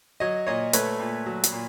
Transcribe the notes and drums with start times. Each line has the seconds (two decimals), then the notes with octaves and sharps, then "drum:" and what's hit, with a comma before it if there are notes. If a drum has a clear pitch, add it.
0.20 F#3 C#5 D#5
0.47 A#2 C#5 D#5
0.73 A3 B4 C#5, drum: hi-hat
0.99 A#2
1.26 F#3
1.44 drum: hi-hat
1.53 A#2